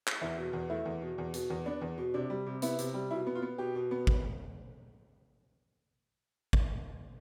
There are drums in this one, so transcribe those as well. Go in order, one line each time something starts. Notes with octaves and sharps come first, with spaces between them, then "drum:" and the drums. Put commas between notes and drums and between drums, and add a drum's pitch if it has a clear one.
drum: clap
E2 E4
B2
E2
A3 E4
E2
B2
E2
B2, drum: hi-hat
E2
B3 D4
E2
B2
C3 D4
G3
C3
B3 E4, drum: hi-hat
C3, drum: hi-hat
G3
B2 E4
B3
F4
B3
B2 G4
B2
B3
drum: kick
drum: kick